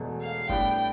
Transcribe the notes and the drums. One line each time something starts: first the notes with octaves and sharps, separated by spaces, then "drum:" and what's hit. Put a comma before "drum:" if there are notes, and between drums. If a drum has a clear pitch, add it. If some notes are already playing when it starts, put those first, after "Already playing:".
Already playing: E1 E2 B2 A3
F5
A2 G3 B3 D4 G5, drum: kick F#1